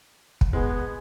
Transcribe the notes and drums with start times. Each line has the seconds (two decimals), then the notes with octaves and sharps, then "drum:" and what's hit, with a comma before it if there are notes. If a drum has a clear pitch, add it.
0.41 drum: kick
0.53 B2 G#3 B3 G#4